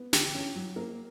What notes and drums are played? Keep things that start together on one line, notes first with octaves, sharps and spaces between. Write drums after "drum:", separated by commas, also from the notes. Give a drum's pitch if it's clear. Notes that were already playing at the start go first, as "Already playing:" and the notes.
Already playing: B3
D3 G4, drum: snare
C#4
F#3
A#3